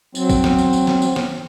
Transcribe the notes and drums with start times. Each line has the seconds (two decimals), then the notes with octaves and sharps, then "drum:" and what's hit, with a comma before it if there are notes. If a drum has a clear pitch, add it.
0.15 F#3 C4, drum: tambourine
0.29 drum: kick, tambourine
0.44 drum: snare
0.58 drum: tambourine
0.73 drum: tambourine
0.87 drum: snare
1.02 drum: tambourine
1.16 drum: snare